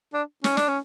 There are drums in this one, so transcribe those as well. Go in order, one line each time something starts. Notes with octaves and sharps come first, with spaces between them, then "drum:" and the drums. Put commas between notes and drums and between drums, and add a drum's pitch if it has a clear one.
D4
C#4, drum: snare
D4, drum: snare
C#4